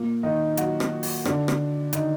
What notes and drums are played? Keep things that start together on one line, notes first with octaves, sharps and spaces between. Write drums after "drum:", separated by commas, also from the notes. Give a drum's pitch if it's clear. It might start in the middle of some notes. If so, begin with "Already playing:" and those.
Already playing: A#2 A#3
D#3 D#4
F#3 F#4, drum: hi-hat
drum: rim click
drum: open hi-hat
D3 D4, drum: rim click
drum: rim click
D#3 D#4, drum: hi-hat